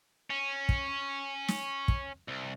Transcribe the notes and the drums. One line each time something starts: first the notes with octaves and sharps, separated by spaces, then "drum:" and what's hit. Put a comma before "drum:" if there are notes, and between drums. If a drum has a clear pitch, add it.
C#4
drum: kick
drum: snare
drum: kick
C2